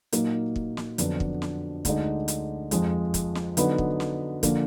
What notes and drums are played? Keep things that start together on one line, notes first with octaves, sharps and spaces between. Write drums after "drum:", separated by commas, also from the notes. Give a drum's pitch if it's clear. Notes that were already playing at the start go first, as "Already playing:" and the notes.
A#2 F#3 A#3 D#4, drum: hi-hat
drum: kick
drum: snare
F2 D3 F#3 B3 D4, drum: hi-hat
drum: kick
drum: snare
D2 D3 G#3 D#4, drum: kick, hi-hat
drum: hi-hat
F2 F3 G#3, drum: hi-hat
drum: kick, hi-hat
drum: snare
D3 F#3 B3 D#4, drum: hi-hat
drum: kick
drum: snare
D3 F3 A#3 D4, drum: kick, hi-hat